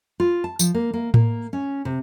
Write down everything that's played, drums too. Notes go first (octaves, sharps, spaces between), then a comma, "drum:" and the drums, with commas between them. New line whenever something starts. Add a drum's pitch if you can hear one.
F4
A5
F3, drum: tambourine
A#3
A#3
A#3, drum: tom A2
C#4
C3